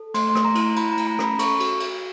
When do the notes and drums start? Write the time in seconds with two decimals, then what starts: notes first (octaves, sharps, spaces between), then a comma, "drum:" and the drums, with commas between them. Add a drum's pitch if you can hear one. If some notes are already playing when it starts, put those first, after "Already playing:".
Already playing: A4
0.14 A3 C6, drum: cymbal
0.29 C6
0.35 A3, drum: rim click
0.45 A#5
0.55 E4, drum: cymbal
0.61 A#5
0.76 E4 B5, drum: cymbal
0.93 A#5
0.97 A3, drum: cymbal
1.07 A#5
1.19 C#4, drum: rim click
1.24 B5
1.39 A4 C#6, drum: cymbal
1.60 F#4, drum: cymbal
1.80 F#4, drum: cymbal